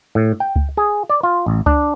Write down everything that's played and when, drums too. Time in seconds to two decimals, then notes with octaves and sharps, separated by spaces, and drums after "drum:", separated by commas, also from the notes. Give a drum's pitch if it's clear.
0.15 A2
0.40 G5
0.56 drum: kick C#2
0.77 G#4
1.10 D5
1.23 F4
1.46 A1
1.66 D4, drum: kick C#2